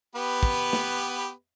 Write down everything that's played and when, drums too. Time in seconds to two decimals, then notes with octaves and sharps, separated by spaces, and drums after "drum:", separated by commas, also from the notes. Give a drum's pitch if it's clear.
0.15 B3 G4 B4
0.43 drum: kick
0.73 drum: snare